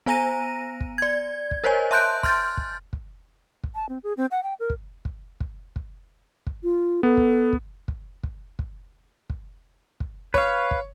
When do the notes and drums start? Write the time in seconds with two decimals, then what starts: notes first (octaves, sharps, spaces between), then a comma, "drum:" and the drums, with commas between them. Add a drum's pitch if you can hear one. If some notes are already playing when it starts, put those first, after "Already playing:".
0.06 B3 C5 G#5 A#5 A#6 D#7
0.81 drum: kick
0.98 D5 G#6
1.51 drum: kick
1.64 A#4 C5 C#5 D#5 G#5
1.91 E5 A5 C6 F#6 G6 D7
2.23 C6 F6 G6 A6, drum: kick
2.57 drum: kick
2.93 drum: kick
3.64 drum: kick
3.75 A5
3.89 C4
4.04 G#4
4.17 C4
4.31 F#5
4.43 G5
4.60 A#4
4.70 drum: kick
5.05 drum: kick
5.40 drum: kick
5.76 drum: kick
6.47 drum: kick
6.63 F4
7.03 B3 A4
7.17 drum: kick
7.53 drum: kick
7.88 drum: kick
8.23 drum: kick
8.59 drum: kick
9.30 drum: kick
10.00 drum: kick
10.34 B4 C#5 F5, drum: kick
10.71 drum: kick